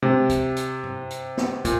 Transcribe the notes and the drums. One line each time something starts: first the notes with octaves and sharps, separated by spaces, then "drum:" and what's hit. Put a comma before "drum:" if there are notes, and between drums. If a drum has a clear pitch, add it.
C3, drum: tom G#3
drum: kick, hi-hat
drum: hi-hat
drum: tom G2
drum: hi-hat
drum: snare
A#2, drum: kick, hi-hat